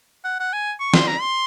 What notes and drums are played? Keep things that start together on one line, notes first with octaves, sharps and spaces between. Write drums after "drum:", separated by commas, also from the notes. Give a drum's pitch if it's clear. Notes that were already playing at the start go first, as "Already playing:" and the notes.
F#5
F#5
G#5
C#6
C6, drum: snare
A#5
C6